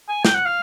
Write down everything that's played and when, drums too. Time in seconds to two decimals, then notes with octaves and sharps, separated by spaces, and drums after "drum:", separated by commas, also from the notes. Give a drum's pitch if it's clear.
0.09 G#5
0.25 G5, drum: snare
0.35 F#5
0.46 F5